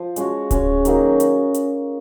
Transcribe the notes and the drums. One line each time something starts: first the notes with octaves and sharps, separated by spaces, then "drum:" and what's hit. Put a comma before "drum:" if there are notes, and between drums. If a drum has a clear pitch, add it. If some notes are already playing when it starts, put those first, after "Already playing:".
Already playing: F3
G#3 C#4 F#4, drum: hi-hat
G#3 C#4 F#4, drum: kick D1, hi-hat
D#3 F#3 A#3 D#4, drum: hi-hat
drum: hi-hat
drum: hi-hat